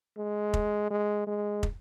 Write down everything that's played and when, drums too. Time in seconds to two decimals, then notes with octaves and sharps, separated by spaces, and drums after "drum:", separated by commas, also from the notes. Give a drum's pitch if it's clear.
0.17 G#3
0.54 drum: kick
0.90 G#3
1.27 G#3
1.63 drum: kick